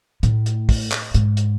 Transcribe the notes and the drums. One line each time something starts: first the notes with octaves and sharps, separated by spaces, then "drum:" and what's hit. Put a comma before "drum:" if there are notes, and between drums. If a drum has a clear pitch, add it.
A2, drum: hi-hat
drum: hi-hat
drum: kick, open hi-hat
drum: clap
G#2, drum: hi-hat
drum: hi-hat